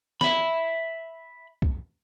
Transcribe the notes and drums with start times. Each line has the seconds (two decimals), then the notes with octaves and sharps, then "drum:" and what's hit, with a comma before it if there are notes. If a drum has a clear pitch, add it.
0.21 E5 B5, drum: snare
1.62 drum: kick